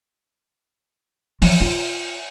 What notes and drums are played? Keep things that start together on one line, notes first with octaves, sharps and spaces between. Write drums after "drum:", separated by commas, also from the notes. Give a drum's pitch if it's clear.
E3 F3, drum: open hi-hat
F4